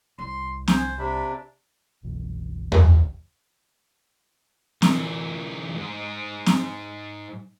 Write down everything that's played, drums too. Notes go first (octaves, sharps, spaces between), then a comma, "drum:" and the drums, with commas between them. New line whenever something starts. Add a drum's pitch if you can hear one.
C2 C6
C5 G#5, drum: snare C4
C3 D4 B5
F#1 C2 B2 E3
drum: tom E2
D3 E3, drum: snare C4
G#2
drum: snare C4